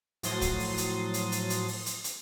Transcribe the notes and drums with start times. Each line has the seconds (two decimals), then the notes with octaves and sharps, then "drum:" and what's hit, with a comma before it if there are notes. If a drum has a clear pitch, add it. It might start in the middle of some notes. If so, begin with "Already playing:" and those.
0.23 A2 F3 F#3 C6 D#6 A6, drum: hi-hat
0.41 drum: kick, hi-hat
0.59 drum: open hi-hat
0.78 drum: hi-hat
1.14 drum: hi-hat
1.32 drum: hi-hat
1.50 drum: hi-hat
1.68 drum: open hi-hat
1.86 drum: hi-hat
2.04 drum: hi-hat